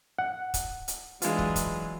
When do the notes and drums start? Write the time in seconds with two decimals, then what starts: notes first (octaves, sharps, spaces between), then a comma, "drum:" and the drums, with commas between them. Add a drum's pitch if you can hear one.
0.18 F#5
0.54 drum: kick, hi-hat
0.88 drum: hi-hat
1.22 E3 F#3 G#3 D4 F4, drum: hi-hat
1.39 drum: kick
1.56 drum: kick, hi-hat